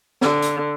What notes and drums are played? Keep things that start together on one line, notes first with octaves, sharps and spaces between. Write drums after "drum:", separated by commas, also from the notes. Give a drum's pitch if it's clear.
D3, drum: snare
drum: hi-hat